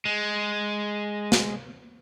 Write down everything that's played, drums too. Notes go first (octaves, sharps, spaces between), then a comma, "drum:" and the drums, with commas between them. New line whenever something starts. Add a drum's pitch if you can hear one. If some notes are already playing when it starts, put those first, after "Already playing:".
G#3
drum: snare